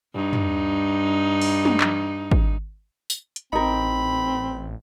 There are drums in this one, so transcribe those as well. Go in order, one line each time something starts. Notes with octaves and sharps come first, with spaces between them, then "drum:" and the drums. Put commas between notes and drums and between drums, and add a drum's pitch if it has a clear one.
G2 D#4
drum: tom
drum: open hi-hat
drum: tom
drum: clap
drum: kick G#1
drum: tambourine
drum: hi-hat
A1 C4 D#4 A#4 B5